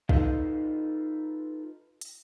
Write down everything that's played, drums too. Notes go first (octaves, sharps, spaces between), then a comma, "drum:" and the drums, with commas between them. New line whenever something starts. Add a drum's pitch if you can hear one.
D#4 F4 A4 B4 D#5 F5, drum: kick
drum: hi-hat